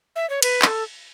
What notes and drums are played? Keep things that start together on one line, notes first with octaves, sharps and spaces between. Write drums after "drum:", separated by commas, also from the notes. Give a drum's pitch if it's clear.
E5
C#5
B4, drum: cymbal
B4, drum: clap
A4